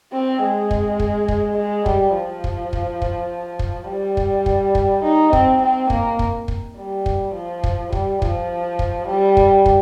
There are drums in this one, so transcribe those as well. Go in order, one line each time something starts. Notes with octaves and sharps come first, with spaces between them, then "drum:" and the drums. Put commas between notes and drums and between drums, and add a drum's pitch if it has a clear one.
C4
G#3
drum: kick
drum: kick
drum: kick
G#3
G3, drum: kick
F3
drum: kick
drum: kick
drum: kick
drum: kick
G3
drum: kick
drum: kick
drum: kick
D#4
C4, drum: kick
C4
A#3, drum: kick
drum: kick
drum: kick
G3
drum: kick
F3
drum: kick
G3, drum: kick
F3, drum: kick
drum: kick
G3
drum: kick
drum: kick